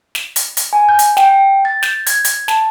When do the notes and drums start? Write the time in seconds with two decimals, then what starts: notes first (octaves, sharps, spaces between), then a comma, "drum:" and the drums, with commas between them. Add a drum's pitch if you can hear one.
0.15 drum: snare
0.36 drum: hi-hat
0.57 drum: hi-hat
0.73 G#5
0.89 G6
0.99 drum: hi-hat
1.17 G5, drum: snare
1.65 A6
1.83 G6, drum: snare
2.06 G#6, drum: hi-hat
2.24 drum: hi-hat
2.48 A5, drum: snare